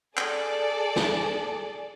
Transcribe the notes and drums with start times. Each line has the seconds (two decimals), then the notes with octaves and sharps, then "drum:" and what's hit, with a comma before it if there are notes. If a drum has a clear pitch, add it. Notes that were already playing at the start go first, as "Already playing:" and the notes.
0.17 G#4 A4 D5, drum: clap
0.96 drum: snare